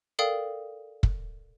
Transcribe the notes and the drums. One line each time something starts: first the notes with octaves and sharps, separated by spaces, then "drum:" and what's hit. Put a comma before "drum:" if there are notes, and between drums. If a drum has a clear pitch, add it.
A4 A#4 D5 F5 G5 D#6
drum: kick